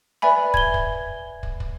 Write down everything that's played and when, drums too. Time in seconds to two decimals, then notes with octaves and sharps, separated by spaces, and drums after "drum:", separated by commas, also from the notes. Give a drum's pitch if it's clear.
0.22 B4 D5 E5 G#5 B5
0.54 G#6 G7, drum: kick
0.74 drum: kick
1.43 drum: kick
1.60 drum: kick